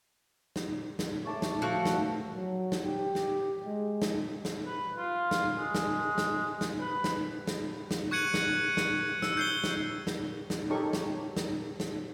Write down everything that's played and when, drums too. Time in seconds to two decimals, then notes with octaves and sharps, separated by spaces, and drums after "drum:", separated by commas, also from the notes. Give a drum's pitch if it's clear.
0.56 drum: snare
0.99 drum: snare
1.25 A3 C#5 A5 D6
1.42 drum: snare
1.62 F3 F#4 A4 C#6
1.85 drum: snare
2.36 F#3
2.72 drum: snare
2.84 G4
3.15 drum: snare
3.65 G#3
4.02 drum: snare
4.45 drum: snare
4.66 B4
4.97 F4
5.31 drum: snare
5.57 G#3
5.75 drum: snare
6.18 drum: snare
6.61 drum: snare
6.81 B4
7.04 drum: snare
7.47 drum: snare
7.91 drum: snare
8.11 C#6 F#6 G#6 C#7 D#7 F#7
8.34 drum: snare
8.77 drum: snare
9.22 E6, drum: snare
9.37 G6 C7 G7
9.64 drum: snare
10.07 drum: snare
10.50 drum: snare
10.70 D#4 G4 A4 A#4 C#5 C#6
10.93 drum: snare
11.37 drum: snare
11.80 drum: snare